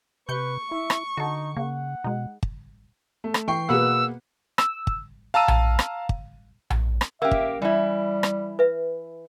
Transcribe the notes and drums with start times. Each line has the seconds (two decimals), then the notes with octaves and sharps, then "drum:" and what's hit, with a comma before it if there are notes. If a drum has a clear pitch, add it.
0.29 C3 B4 C#6 G6 C#7
0.71 E4 E5
0.90 drum: rim click
1.17 D3 D#4 F#4 A4
1.57 C#3 A#3 F#5
2.04 B2 G#3 D#4
2.43 drum: kick
3.24 A3
3.34 drum: rim click
3.48 E3 G5 C#6 C7
3.69 B2 A#3 B3 G#4 B4 F#5 E6
4.58 E6, drum: rim click
4.87 drum: kick
5.34 F5 A5 A#5 E6 D#7
5.48 drum: tom A#1
5.79 drum: rim click
6.09 drum: kick
6.70 drum: tom A#1
7.01 drum: rim click
7.22 A#3 C#4 G4 E5 E6
7.31 drum: kick
7.62 E3 G3 E4
8.23 drum: rim click
8.59 B4 E5